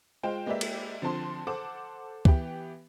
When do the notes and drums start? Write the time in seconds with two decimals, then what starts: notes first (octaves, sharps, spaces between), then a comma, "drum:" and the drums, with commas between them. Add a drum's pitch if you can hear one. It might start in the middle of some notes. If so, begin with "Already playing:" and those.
0.23 G#3 F4 C5 G5
0.46 G#3 A#3 G4 B4 D5 E5
0.61 drum: cymbal
1.02 D3 F3 C4 A5 C6
1.47 A4 C5 F#5 A5 D6
2.25 E3 B3 G4, drum: kick